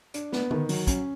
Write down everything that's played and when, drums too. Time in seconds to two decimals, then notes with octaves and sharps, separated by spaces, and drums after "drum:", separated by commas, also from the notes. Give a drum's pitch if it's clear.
0.14 D4, drum: hi-hat
0.32 B3, drum: snare
0.51 D#3, drum: tom
0.69 F#3, drum: open hi-hat
0.87 C#4, drum: kick, hi-hat